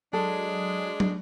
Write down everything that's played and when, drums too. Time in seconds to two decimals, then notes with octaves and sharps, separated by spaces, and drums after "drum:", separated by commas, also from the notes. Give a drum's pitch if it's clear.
0.13 F#3 G#3 D4 A4
1.00 drum: tom